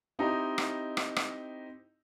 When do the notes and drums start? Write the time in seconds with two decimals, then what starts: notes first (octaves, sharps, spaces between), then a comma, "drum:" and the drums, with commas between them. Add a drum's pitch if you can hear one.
0.19 C4 D#4 E4 G4 D#5 A#5
0.58 drum: rim click
0.97 drum: rim click
1.16 drum: rim click